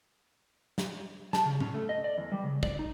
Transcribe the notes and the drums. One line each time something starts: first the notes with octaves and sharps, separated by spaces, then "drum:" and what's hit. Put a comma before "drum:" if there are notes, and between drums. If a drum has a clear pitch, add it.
drum: snare
A5, drum: snare
C#3
C#4, drum: tom A2
A3
D#5
D5
E2
G3
C#3
D5, drum: kick
D#4